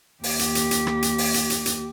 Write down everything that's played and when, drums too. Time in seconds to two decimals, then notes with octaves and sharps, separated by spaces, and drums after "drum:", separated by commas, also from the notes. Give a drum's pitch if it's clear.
0.24 D#2 G4, drum: open hi-hat
0.39 drum: hi-hat
0.55 drum: hi-hat
0.71 drum: hi-hat
0.87 drum: rim click
1.02 drum: hi-hat
1.18 drum: open hi-hat
1.34 drum: hi-hat
1.50 drum: hi-hat
1.66 drum: hi-hat